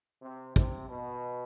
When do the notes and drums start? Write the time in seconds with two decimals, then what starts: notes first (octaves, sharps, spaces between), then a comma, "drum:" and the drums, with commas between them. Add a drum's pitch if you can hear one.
0.23 C3
0.56 C3, drum: kick
0.89 B2